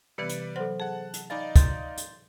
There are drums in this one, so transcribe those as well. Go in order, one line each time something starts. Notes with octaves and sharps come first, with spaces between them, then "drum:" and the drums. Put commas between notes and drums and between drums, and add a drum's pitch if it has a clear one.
C3 E3 G3 B3 B4 D5 C#7
drum: hi-hat
F#3 A4 C5 F#5 C6
G#4 F#5 A5
drum: hi-hat
D#4 D5 D#5 F5 G#5 B5 D6 A6
C6 G6 A6, drum: kick, hi-hat
drum: hi-hat